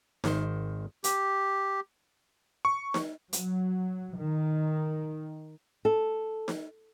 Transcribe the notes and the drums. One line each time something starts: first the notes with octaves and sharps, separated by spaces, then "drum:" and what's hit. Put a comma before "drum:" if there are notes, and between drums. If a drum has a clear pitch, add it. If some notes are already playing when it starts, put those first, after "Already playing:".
G#1 D#3 C5, drum: snare D#4
G4, drum: hi-hat
C#6
drum: snare D#4
F#3, drum: hi-hat
D#3
A4
drum: snare D#4